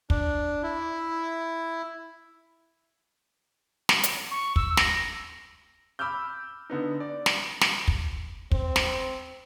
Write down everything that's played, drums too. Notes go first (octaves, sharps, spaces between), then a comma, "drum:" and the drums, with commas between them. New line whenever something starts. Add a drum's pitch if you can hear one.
D4, drum: kick
E4
drum: snare
drum: hi-hat
C#6
E6, drum: kick
A#6, drum: snare
B5 D6 E6 F6 G6
D3 B3 D#4
D5
drum: snare
drum: snare
drum: kick
C4, drum: kick
drum: snare